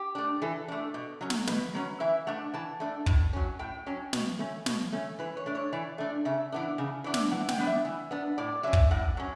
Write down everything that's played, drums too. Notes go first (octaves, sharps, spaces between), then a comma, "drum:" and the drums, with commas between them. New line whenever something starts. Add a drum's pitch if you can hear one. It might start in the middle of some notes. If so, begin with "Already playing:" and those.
Already playing: G4
A3 D4
E3 A4
A3 D4
B2
F#3 C#4
drum: snare
B2 B4, drum: snare
F#3 C#4
E3 E5
A3 D4 F#5
E3 A5
A3 D4
A2, drum: kick
F#3 C#4
A2 G5
F#3 C#4
B2, drum: snare
A3 C#4
B2, drum: snare
A3 C#4
E3 B4
C#5
A3 D4
C#5
E3 D5
A3 D4
C#3 E5
E3 B3 D4
C#3
E3 B3 D4
drum: snare
E3 F#5
G5, drum: snare
B3 D4
E5
E3
B3 D4
A2 D5
F#3 C#4 E5
drum: kick
A2 F#5
F#3 C#4